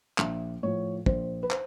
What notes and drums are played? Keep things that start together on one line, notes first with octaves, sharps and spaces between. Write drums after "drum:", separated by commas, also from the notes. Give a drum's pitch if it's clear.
A#1 E5, drum: clap
A2 F3 C#5
A#1 C5, drum: kick
B4
C5, drum: clap